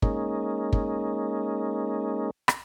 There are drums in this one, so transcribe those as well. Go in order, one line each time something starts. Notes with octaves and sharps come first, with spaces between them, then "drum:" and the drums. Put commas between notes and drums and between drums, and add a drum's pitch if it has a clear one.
G#3 A#3 C#4 D#4, drum: kick
drum: kick
drum: rim click